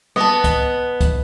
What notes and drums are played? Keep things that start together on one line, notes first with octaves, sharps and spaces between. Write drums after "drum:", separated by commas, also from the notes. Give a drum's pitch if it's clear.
B3 D#5 A5, drum: rim click
drum: kick C2, hi-hat
drum: kick C2, hi-hat